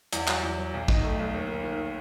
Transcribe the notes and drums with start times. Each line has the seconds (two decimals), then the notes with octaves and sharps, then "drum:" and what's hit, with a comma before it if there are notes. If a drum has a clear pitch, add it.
0.13 E2, drum: hi-hat
0.28 F#3, drum: clap
0.43 E2
0.58 F#3
0.73 B1
0.88 D#4, drum: kick A1
1.04 A3
1.19 B1
1.34 D#2
1.49 D#3
1.64 D#3